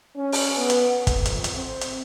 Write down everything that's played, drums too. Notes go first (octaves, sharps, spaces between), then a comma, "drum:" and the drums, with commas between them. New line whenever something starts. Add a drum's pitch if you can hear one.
C#4
drum: open hi-hat
B3
drum: hi-hat
F2, drum: kick, hi-hat
drum: hi-hat
drum: hi-hat
C4
drum: hi-hat